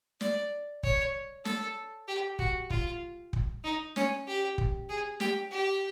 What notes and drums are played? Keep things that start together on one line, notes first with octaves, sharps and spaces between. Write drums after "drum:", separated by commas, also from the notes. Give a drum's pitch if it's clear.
D5, drum: snare
C#5, drum: kick
A4, drum: snare
G4
F#4, drum: kick
F4, drum: kick
drum: kick
D#4
C#4, drum: snare
G4
drum: kick
G#4
G4, drum: snare
G4